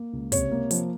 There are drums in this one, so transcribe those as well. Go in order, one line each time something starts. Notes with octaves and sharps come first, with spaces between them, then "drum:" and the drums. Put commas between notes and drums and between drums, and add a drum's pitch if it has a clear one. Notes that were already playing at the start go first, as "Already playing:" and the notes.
Already playing: A#3
C#2
C3 C#5, drum: kick, hi-hat
A#3
F3, drum: hi-hat